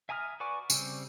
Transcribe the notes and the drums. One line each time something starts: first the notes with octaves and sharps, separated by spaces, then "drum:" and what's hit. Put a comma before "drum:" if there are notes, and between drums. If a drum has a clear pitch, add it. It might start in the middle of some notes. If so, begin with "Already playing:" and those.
E5 G#5 A#5 D#6 F6
F#4 B4 D5 G#5 C#6
C#3 G3 C4, drum: tambourine